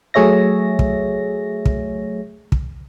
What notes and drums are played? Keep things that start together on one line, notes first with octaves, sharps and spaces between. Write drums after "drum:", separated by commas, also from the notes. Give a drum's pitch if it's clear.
F#3 A3 G#4 C#5 E5 A#6
drum: kick
drum: kick
drum: kick